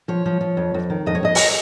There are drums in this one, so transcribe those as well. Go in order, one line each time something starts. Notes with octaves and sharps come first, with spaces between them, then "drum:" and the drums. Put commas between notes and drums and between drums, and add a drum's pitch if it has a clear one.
F3 C#5
F3
F3
F2
F2
D#3
F2 D#5
C#5
F2 D#5
drum: open hi-hat